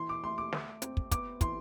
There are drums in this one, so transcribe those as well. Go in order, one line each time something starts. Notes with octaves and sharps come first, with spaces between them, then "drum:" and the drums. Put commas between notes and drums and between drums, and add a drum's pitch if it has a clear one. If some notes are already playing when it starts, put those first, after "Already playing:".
Already playing: E3 C6
D6
A3 C6
D6
A3, drum: snare
C4, drum: hi-hat
drum: kick
B3 D6, drum: kick, hi-hat
E3 C6, drum: kick, hi-hat